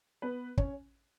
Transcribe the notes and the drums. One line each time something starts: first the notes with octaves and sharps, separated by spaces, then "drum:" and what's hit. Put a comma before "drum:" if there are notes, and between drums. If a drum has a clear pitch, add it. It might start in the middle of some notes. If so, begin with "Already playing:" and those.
B3 B4
C#4 C#5, drum: kick